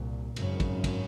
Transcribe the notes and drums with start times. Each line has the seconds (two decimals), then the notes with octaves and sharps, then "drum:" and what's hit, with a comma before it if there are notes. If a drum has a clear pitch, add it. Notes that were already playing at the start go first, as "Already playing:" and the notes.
Already playing: C2 A#2
0.36 G#1 F#2 C#3, drum: cymbal
0.60 drum: kick, cymbal
0.84 drum: kick, cymbal